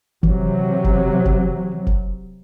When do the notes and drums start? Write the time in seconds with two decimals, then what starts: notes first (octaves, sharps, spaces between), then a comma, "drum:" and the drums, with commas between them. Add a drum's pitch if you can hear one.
0.23 C3 E3 F#3, drum: kick F1
0.84 drum: kick F1
1.25 drum: kick F1
1.87 drum: kick F1